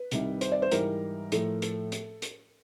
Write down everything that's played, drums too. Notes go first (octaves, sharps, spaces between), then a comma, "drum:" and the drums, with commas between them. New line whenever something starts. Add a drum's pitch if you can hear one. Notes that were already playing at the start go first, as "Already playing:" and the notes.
Already playing: B4
C2 C3 D#3 G3, drum: hi-hat
C5, drum: hi-hat
D5
C5
G#2 E3 G3 A#4, drum: hi-hat
A2 F3 A3, drum: hi-hat
A4, drum: hi-hat
drum: hi-hat
drum: hi-hat